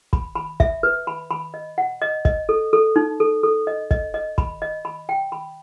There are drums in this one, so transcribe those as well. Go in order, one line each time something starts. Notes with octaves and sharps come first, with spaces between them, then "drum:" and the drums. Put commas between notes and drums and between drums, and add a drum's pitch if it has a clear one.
B5, drum: kick G#1
B5
E5, drum: kick G#1
B4
B5
B5
D#5
F#5
D#5
D#5, drum: kick G#1
A4
A4
D#4
A4
A4
D#5
D#5, drum: kick G#1
D#5
B5, drum: kick G#1
D#5
B5
G5
B5